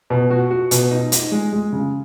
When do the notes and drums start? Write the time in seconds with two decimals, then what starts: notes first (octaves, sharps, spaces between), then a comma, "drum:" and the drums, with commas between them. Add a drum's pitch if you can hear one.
0.10 B2
0.30 F#4
0.51 F#4
0.71 B2, drum: hi-hat
0.91 D#4
1.12 D#4, drum: hi-hat
1.32 G#3
1.53 G#3
1.73 C#3